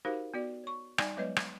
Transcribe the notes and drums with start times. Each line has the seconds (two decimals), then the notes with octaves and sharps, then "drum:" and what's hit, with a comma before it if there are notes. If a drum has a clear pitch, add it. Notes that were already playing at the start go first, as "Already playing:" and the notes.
0.05 D#4 F#4 G4 A#4 C5 F5
0.34 B3 F#4 D5
0.64 C#5 C#6
0.98 G3 D#4 D5 G5 G#5, drum: rim click
1.17 F#3 G#3 B3 B4 C#5 D#5
1.36 drum: rim click